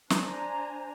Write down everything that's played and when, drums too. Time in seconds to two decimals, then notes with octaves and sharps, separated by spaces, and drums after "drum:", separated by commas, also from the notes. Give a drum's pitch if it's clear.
0.10 D4 C5 G#5 A#5, drum: snare